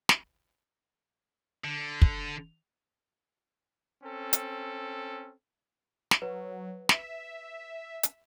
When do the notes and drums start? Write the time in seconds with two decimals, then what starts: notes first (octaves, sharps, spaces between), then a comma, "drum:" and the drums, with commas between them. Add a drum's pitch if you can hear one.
0.09 drum: snare
1.64 D3
2.02 drum: kick
4.03 C4 C#4 A4
4.33 drum: hi-hat
6.11 drum: snare
6.22 F#3 B4
6.89 E5, drum: snare
8.03 drum: hi-hat